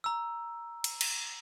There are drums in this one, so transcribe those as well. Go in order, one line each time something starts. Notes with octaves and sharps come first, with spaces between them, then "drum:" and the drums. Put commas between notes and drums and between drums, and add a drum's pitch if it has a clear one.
A#5 E6
drum: cymbal
drum: cymbal